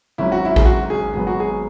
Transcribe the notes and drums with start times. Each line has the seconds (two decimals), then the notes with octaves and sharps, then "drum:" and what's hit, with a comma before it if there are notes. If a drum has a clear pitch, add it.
0.18 G#1 G#2 F#3 C#4 E4
0.32 F#4
0.45 E4
0.56 G#4, drum: kick A1
0.65 F#4
0.90 G#4
1.13 G#1 G#2 F#3 B3 G#4
1.27 F#4
1.40 G#4